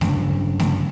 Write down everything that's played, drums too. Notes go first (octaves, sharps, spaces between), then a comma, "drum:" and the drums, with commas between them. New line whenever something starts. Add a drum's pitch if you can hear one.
G2 C#3 F#3 D4, drum: snare A3
drum: snare A3